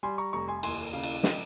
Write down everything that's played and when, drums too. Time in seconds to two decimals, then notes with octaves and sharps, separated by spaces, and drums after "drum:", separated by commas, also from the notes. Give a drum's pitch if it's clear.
0.03 G3 G#5 C6
0.18 A#5 C#6
0.33 F1 A#5 C#6
0.48 G#5 C6
0.63 D#2 G#5 C6, drum: cymbal
0.93 C#3 F5
1.03 drum: cymbal
1.23 D#5 G5, drum: snare